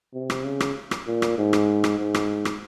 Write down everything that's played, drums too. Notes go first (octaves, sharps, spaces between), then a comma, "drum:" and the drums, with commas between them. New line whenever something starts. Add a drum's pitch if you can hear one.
C3
drum: rim click
C#3
drum: rim click
drum: rim click
A#2
drum: rim click
G#2
drum: rim click
drum: rim click
G#2
drum: rim click
drum: rim click